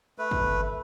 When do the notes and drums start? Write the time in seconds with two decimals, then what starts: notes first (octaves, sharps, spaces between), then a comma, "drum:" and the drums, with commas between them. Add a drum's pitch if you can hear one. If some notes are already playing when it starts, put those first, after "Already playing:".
0.18 A3 B4
0.31 drum: kick